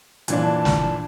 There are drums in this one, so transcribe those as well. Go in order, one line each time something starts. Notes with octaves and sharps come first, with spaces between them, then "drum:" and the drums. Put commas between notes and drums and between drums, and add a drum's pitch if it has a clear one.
A#2 E3 D4, drum: hi-hat
A5
drum: snare